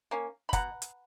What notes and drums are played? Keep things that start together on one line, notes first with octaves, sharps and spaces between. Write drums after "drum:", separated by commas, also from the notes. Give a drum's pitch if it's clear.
A#3 C#4
B5
B2 F#5 A#5, drum: kick, hi-hat
drum: hi-hat